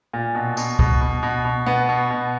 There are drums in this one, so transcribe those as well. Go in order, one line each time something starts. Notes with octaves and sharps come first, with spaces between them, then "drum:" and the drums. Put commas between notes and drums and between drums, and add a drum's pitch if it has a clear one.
A#2
B2
B2, drum: tambourine
B2, drum: kick C2
B2
B2
B2
B2 B3
B2
B2